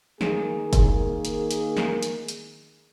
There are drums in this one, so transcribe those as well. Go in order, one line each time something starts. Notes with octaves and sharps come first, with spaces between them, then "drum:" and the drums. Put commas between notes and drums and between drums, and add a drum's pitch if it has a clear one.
D#3 A#3 G#4, drum: snare
drum: kick, hi-hat
drum: hi-hat
drum: hi-hat
drum: snare
drum: hi-hat
drum: hi-hat